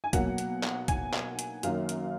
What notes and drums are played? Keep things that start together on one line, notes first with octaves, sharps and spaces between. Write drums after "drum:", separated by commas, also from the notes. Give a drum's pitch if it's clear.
G#5
B2 F#3 A#3 F#5, drum: kick, hi-hat
drum: hi-hat
drum: clap
G#5, drum: kick, hi-hat
drum: clap
drum: hi-hat
F#2 D#3 F#3 A#3 F5, drum: hi-hat
drum: hi-hat